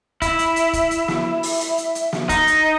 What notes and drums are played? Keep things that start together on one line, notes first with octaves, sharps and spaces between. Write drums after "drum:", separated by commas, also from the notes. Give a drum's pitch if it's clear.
E4, drum: kick E1, hi-hat
drum: hi-hat
drum: hi-hat
drum: kick E1, hi-hat
drum: hi-hat
drum: snare
drum: open hi-hat
drum: hi-hat
drum: hi-hat
drum: hi-hat
drum: snare
D#4, drum: kick E1, hi-hat
drum: hi-hat